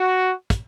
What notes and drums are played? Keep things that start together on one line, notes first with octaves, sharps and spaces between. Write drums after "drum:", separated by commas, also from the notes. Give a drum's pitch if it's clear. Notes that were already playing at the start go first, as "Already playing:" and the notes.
Already playing: F#4
drum: kick, hi-hat